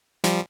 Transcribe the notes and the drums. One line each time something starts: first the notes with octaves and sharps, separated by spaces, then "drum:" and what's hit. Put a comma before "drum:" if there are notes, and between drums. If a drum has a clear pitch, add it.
F3 G3, drum: snare